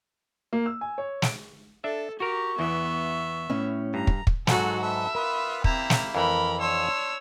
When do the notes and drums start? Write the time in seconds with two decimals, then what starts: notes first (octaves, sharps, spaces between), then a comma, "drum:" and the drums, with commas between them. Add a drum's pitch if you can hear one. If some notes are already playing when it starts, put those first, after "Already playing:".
0.53 A#3
0.66 E6
0.81 G#5
0.98 C#5
1.22 D7, drum: snare
1.84 D4 A4 E5
2.20 F#4 G4 A#4 A#5 C#6
2.59 E2 E3 B3 E5
3.50 A2 C#4
3.94 G2 A#5
4.07 drum: kick
4.27 drum: kick
4.47 G#2 F#3 F#4 A4, drum: snare
4.82 A4 B4 E5
5.15 B3 F4 A#4 B4
5.64 A#3 C4 E4 G4 A#5, drum: kick
5.90 drum: snare
6.15 F2 E3 A#4 B5
6.61 D4 C#5 C6 E6